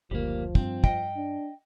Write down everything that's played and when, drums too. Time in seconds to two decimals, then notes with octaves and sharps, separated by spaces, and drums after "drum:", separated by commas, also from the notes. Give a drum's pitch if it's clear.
0.11 F#1 D2 F3 G3 A#3
0.55 G2 C4, drum: kick
0.84 D#5 G5, drum: kick
1.16 D4